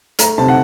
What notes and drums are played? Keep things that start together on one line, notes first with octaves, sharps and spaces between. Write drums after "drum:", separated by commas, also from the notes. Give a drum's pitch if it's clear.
A3 A#5, drum: hi-hat
C3 A5
F#5